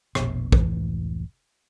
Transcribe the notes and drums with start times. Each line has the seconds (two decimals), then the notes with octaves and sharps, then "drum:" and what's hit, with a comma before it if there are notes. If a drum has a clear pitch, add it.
0.15 F1 A#1 B2, drum: rim click
0.52 F1 C#2 A2 E3, drum: kick